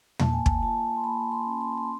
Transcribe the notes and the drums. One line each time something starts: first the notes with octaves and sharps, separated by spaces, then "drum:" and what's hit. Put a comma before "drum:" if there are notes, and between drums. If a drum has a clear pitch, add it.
A#3 A5, drum: tom
G#5
A5, drum: kick
F4 A5
C6
A#3 B5
C6
C#4
C6
C6